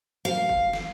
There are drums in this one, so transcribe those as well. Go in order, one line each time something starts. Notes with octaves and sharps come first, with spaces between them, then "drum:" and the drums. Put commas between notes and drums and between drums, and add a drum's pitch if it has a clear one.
F5
drum: kick
drum: snare